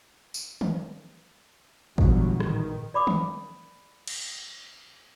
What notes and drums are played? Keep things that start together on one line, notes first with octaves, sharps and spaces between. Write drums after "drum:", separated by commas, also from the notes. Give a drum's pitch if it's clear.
drum: tambourine
drum: tom D#3
E2 A#2 D3 F#3 G3 B3, drum: kick G#1
A1 D#3, drum: rim click
D5 B5 D6 D#6
drum: tom D#3
drum: cymbal